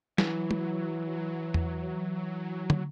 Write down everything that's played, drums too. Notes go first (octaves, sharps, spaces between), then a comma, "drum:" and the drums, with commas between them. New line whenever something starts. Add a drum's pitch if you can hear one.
E3 F#3, drum: snare
drum: tom
drum: tom E2
drum: tom